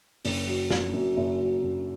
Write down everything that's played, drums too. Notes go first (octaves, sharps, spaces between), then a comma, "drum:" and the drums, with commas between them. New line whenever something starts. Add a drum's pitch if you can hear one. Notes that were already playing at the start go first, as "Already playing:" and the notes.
F#1, drum: open hi-hat
F#3
F#1, drum: snare
F#2
F#1 E5
F#3
F#1